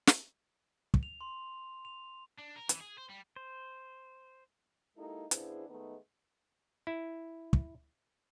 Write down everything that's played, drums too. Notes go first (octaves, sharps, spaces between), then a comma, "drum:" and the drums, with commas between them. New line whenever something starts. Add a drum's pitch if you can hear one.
drum: snare
drum: kick
F7
C6
F7
D4
A#4
E3, drum: hi-hat
G#4
C5
G3
C5
G#3 A#3 D#4 E4 G4 A4
C#3 B3 D4 E4 G#4 C5, drum: hi-hat
D#3 G#3 A3 B3 D#4
E4
drum: kick